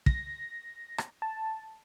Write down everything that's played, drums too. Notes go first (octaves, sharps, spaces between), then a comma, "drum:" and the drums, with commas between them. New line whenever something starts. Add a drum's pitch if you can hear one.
A#6, drum: kick
drum: rim click
A5